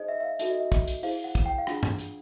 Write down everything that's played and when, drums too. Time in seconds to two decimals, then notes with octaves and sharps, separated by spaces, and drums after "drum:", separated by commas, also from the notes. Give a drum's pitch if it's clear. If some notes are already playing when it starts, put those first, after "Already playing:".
Already playing: D#4 G#4 C5 D#5
0.09 E5
0.20 E5
0.24 F5
0.39 D#4 F#4 A4 E5, drum: hi-hat
0.51 D#5
0.60 E5
0.72 drum: kick, hi-hat
0.88 drum: hi-hat
1.03 E4 G#4 C5 F5, drum: open hi-hat
1.24 F#5
1.35 drum: kick, hi-hat
1.46 G5
1.58 F5
1.67 D4 F4 G#4 F#5, drum: rim click
1.83 drum: tom
1.99 drum: hi-hat